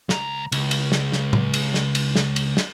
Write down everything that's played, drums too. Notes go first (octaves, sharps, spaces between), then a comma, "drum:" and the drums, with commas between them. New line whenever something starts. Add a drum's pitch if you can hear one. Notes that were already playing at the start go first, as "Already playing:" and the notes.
C#2 A#5, drum: snare
C#2, drum: cymbal
drum: cymbal
drum: snare
drum: snare
drum: tom A2
drum: cymbal
drum: snare
drum: cymbal
drum: snare
drum: cymbal
drum: snare